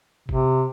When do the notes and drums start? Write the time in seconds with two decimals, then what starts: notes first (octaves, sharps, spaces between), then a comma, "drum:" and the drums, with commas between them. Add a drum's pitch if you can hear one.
0.29 C3, drum: kick